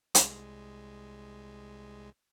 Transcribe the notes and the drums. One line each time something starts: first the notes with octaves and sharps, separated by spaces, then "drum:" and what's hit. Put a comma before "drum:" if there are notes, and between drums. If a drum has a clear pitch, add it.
C2 G#3, drum: hi-hat